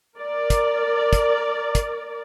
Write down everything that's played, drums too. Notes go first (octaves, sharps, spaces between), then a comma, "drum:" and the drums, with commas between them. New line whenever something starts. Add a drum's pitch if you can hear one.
A#4 D5
drum: kick, hi-hat
drum: kick, hi-hat
drum: kick, hi-hat